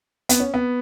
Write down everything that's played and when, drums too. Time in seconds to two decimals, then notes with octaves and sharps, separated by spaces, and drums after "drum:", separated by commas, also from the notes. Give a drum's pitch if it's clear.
0.29 B3, drum: hi-hat
0.40 C#4
0.54 B3